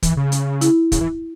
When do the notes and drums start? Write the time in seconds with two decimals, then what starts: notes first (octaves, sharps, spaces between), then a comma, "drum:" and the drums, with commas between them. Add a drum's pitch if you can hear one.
0.03 E3, drum: kick, hi-hat
0.17 C#3
0.32 drum: hi-hat
0.61 E4, drum: hi-hat
0.92 C#3, drum: kick, hi-hat
1.01 E3